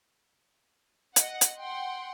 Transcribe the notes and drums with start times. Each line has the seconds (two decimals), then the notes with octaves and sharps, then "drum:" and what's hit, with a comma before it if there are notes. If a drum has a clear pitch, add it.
1.16 D#5 F#5, drum: hi-hat
1.41 drum: hi-hat
1.58 F#5 G5 C6